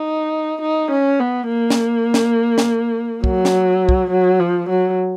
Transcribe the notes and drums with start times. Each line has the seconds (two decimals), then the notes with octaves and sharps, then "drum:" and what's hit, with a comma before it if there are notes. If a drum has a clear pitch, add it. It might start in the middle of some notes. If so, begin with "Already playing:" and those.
Already playing: D#4
0.61 D#4
0.91 C#4
1.20 B3
1.48 A#3
1.70 drum: snare
2.14 drum: snare
2.58 drum: snare
3.24 F#3, drum: kick
3.45 drum: snare
3.89 drum: kick
4.10 F#3
4.40 F3
4.69 F#3